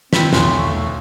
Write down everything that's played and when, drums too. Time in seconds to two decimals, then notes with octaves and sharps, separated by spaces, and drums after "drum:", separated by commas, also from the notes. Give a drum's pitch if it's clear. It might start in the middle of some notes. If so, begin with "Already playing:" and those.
0.13 D#3 C4 B5 B6, drum: snare
0.33 B1 E2 A3 C6, drum: snare
0.58 F5 C#6